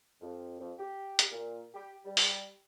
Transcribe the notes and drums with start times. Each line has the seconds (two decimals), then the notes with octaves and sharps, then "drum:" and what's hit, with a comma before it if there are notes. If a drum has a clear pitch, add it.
0.21 F2
0.58 F2
0.79 G4
1.19 drum: hi-hat
1.32 A#2
1.74 G4
2.05 G3
2.17 drum: open hi-hat